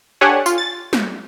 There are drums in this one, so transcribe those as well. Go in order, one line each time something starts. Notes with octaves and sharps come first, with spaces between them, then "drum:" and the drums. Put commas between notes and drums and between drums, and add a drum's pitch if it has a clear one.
D4 G4 A4 C#5 F#5 G#5
F4, drum: tambourine
A6
drum: snare